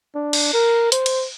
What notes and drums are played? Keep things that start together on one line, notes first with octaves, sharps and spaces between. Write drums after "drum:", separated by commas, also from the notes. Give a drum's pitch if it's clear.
D4
drum: cymbal
A#4
C5, drum: hi-hat
drum: cymbal